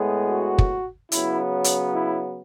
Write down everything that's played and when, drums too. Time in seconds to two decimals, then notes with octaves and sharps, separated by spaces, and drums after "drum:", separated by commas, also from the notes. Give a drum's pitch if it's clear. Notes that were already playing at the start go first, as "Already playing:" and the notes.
Already playing: A2 G#3 B3
0.29 F#4
0.58 drum: kick
1.12 C#3 F#3 B3 E4, drum: hi-hat
1.64 drum: hi-hat
1.93 E4